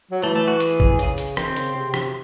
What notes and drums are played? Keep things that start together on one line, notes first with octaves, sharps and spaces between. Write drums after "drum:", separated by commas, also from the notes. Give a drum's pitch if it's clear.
F#3
E3 A3
A3
F#4
G#4, drum: hi-hat
drum: kick A1
C#3, drum: hi-hat
drum: hi-hat
D#3 C4, drum: rim click
C#3, drum: hi-hat
C3
drum: rim click